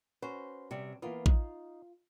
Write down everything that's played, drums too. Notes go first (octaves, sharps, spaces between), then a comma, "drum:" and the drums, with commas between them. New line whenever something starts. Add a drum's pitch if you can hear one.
C#4 F#4 B4 C5
C3 G3
E3 A#3 B3 F4
D#4, drum: kick A1